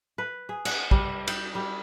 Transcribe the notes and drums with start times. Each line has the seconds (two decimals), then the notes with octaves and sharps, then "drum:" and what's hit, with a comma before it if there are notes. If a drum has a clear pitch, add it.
0.18 B4
0.49 G#4
0.65 F#5, drum: cymbal
0.91 G3, drum: kick
1.28 G5, drum: cymbal
1.55 G3